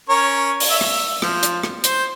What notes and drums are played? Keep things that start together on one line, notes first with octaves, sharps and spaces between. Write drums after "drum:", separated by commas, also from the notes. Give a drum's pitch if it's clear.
C#4 A#4 C#5
drum: open hi-hat
E5
drum: rim click
F3, drum: rim click
drum: hi-hat
drum: rim click
C5, drum: hi-hat